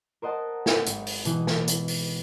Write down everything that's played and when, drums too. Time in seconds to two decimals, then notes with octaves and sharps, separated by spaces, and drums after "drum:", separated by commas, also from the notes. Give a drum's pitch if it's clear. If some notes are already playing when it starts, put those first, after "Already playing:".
0.22 A#4 C5 D#5 F#5 A5
0.66 drum: snare
0.86 G#1, drum: hi-hat
1.07 drum: open hi-hat
1.25 B2 E3, drum: hi-hat
1.47 drum: snare
1.68 drum: hi-hat
1.88 drum: open hi-hat